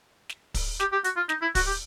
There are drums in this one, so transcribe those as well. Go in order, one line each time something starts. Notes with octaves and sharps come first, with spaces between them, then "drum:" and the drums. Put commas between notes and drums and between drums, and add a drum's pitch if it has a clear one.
drum: snare
drum: kick, open hi-hat
G4, drum: snare
G4
F#4, drum: hi-hat
F4
D#4, drum: snare
E4
F#4, drum: kick, open hi-hat
G4